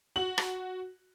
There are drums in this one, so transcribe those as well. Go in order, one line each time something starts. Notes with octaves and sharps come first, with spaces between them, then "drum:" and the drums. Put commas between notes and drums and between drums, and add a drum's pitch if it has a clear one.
F#4 F#7
drum: rim click